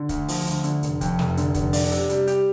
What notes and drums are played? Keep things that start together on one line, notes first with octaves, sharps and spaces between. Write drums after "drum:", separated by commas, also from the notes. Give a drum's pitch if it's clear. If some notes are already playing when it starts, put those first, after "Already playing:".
Already playing: D3
D2, drum: kick, hi-hat
F3, drum: open hi-hat
D2, drum: hi-hat
D3, drum: hi-hat
F1, drum: hi-hat
F2, drum: kick, hi-hat
F1, drum: snare
D3, drum: hi-hat
F1, drum: kick, hi-hat
D4, drum: open hi-hat
C3, drum: hi-hat
G3, drum: hi-hat
G4, drum: hi-hat